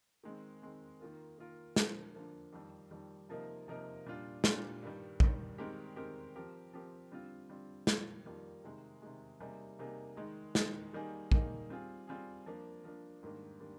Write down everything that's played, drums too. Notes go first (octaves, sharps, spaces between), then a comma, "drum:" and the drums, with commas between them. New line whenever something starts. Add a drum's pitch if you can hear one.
D#3 G#3 C4
D#3 G#3 C4
D#3 A#3 F4 A#4
D#3 A#3 F4 A#4
D3 F3 A#3, drum: snare
D3 F3 A#3
F2 D#3 G3
F2 D#3 G3
C3 F3 A#3 D#4 A#4
C3 F3 A#3 D#4 A#4
A#2 G3 D4 F4
A#2 G3 D4 F4, drum: snare
G2 D#3 G3
G2 D#3 G3, drum: kick
D#3 G#3 C4 G4 A#4
D#3 G#3 C4 G4 A#4
F3 C4 G4 A#4
F3 C4 G4 A#4
D3 G3 C4 F4
D3 G3 C4 F4
F2 D#3 G3 A#3 F4, drum: snare
F2 D#3 G3 A#3 F4
C3 D#3 G#3
C3 D#3 G#3
C3 G3 A#3 D#4 G#4
C3 G3 A#3 D#4 G#4
D#3 G#3 D#4
D#3 G#3 D#4, drum: snare
D#3 G3 A#3 D#4 G#4
D#3 G3 A#3 D#4 G#4, drum: kick
G3 C4 F4 G#4
G3 C4 F4 G#4
F3 A#3 D4
F3 A#3 D4
G#2 D#3 G3 A#3 D4
D#3 G3 A#3 D4